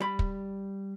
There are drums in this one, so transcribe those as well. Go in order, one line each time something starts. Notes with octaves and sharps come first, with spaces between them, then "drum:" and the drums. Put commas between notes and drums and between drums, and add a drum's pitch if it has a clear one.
G3 B5
drum: kick